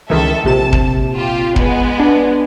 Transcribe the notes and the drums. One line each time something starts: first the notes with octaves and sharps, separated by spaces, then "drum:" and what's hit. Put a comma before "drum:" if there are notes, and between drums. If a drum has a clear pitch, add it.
C#2 D#3 E3 A4 E5
A#1 C3 A5 E7
drum: kick
F4 G4
G#3 B3, drum: kick
D4